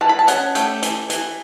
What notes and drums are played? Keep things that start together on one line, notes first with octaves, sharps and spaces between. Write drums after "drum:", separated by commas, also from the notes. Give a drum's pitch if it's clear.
E3 A5
B5
A5
C#4 F#5, drum: hi-hat
A3 G4, drum: hi-hat
E3, drum: hi-hat
E3, drum: hi-hat